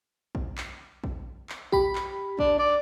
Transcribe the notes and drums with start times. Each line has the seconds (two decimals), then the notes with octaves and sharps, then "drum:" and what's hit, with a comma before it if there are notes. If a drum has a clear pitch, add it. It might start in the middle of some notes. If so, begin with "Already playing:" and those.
0.35 drum: kick A#1
0.58 drum: clap
1.04 drum: kick A#1
1.49 drum: clap
1.72 G4 B5, drum: kick A#1
1.95 drum: clap
2.39 D4, drum: kick A#1
2.58 D5